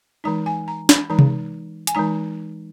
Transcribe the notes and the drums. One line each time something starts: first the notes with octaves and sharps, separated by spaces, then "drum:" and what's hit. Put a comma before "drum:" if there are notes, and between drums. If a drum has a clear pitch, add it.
E3 G#3 D#4 A#5
G#5
A#5
B5, drum: snare
E3 G#3 D#4 A#5
drum: tom C3
G#5, drum: hi-hat
E3 G#3 D#4 A#5